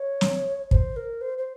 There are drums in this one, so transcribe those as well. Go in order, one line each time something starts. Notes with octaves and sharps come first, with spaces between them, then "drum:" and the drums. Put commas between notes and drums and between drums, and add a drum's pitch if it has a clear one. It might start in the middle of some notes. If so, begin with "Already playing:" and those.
Already playing: C#5
drum: snare
C5, drum: kick
A#4
C5
C5